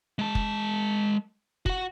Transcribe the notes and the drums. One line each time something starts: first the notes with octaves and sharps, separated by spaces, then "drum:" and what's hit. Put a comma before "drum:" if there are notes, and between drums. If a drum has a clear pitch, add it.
G#3 A5
drum: kick
F#4 F#5, drum: kick